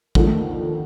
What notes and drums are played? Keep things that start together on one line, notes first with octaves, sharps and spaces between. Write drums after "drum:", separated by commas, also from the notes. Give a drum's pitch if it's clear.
D#2 D3 F3 G#3, drum: kick
A3